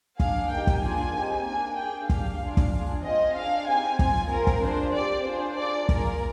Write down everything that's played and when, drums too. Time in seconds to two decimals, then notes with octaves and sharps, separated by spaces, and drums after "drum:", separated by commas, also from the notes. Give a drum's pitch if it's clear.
0.20 D4 G#4 F5, drum: kick
0.51 A#3 D#4 G4 G5
0.67 drum: kick
0.83 A#3 D4 F4 G#4 G#5
1.15 C4 D#4 G4
1.46 A#3 D4 G#4 G#5
1.78 D4 G#4 G5
2.09 D4 G4 F5, drum: kick
2.41 D4 F4 G#4
2.57 drum: kick
2.73 D4 F4 G#4
3.04 C4 F4 G#4 D#5
3.36 D4 G#4 F5
3.68 C4 D#4 G4 G#5
3.99 C4 F4 G#4 G#5, drum: kick
4.31 C4 F4 G#4 A#4
4.47 drum: kick
4.63 D4 F4 G#4 C5
4.94 C4 G4 D5
5.25 D4 F4 G#4 C5
5.57 D4 F4 G#4 D5
5.89 A#3 F4 G#4 A#4, drum: kick